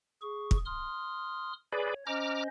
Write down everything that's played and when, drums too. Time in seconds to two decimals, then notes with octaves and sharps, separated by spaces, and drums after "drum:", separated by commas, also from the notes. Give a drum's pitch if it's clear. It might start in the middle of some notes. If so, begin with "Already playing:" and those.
0.22 G#4 C#6
0.51 drum: kick
0.66 C6 D#6 F6
1.72 G#4 B4 C#5 D5
2.07 C#4 C5 D#5 A#5 D6 F6